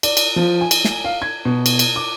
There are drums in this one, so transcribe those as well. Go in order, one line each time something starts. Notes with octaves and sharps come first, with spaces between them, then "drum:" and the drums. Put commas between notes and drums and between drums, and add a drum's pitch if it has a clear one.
D5, drum: cymbal
drum: cymbal
F3
G#5
drum: cymbal
drum: snare
F5
G#6
B2
drum: cymbal
drum: cymbal
D6